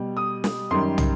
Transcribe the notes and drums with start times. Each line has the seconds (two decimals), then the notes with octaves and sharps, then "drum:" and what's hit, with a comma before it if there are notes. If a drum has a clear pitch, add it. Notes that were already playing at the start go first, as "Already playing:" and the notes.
Already playing: B2 G3
0.17 D#6
0.44 drum: snare
0.71 F#2 D#3 G3 C6
0.98 drum: tom